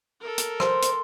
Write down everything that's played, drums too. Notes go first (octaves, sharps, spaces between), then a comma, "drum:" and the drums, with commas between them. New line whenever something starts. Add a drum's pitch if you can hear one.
A4 A#4
drum: hi-hat
C5 C6, drum: rim click
drum: hi-hat